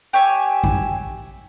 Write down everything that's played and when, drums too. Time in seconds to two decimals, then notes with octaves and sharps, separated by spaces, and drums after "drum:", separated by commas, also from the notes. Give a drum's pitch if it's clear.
0.13 G4 C#5 E5 G#5
0.64 drum: kick A1